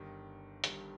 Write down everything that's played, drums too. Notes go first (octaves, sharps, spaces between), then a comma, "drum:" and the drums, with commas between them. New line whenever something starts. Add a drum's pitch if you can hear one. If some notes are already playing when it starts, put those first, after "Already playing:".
Already playing: G1 G2 D#3 G3
G1 G2 D#3 G3, drum: hi-hat